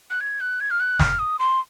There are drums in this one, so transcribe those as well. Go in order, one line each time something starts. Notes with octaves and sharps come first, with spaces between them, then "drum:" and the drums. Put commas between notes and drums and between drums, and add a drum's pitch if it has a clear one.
F#6
G#6
F#6
G#6
F6
F#6
F6, drum: snare
D#6
C6